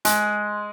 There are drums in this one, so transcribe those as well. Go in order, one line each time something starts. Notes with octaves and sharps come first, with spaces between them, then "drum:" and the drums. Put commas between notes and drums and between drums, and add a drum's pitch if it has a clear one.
G#3, drum: hi-hat